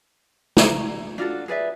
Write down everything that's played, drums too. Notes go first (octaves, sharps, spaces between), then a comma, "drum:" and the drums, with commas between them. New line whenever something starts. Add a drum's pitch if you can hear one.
A#5, drum: snare
D4 F4 F#4 A4
G#4 B4 D5 E5